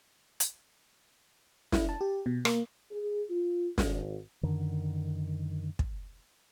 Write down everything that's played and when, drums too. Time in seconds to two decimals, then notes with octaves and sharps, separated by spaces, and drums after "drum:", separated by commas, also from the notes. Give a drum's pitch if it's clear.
0.40 drum: hi-hat
1.72 E4, drum: snare
1.89 A5
2.01 G4
2.26 B2
2.45 A#3, drum: rim click
2.91 G#4
3.30 F4
3.78 G#1, drum: snare
4.43 F#2 D3 D#3
5.79 drum: kick